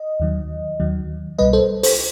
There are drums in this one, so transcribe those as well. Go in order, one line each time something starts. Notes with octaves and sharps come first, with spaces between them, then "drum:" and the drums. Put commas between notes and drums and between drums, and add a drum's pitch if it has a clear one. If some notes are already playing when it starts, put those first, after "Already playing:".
Already playing: D#5
D#2 D#3 F#3
D#2 D#3 F#3
C2 B2 G3 B4 D#5
A4 C5
A4 C5, drum: open hi-hat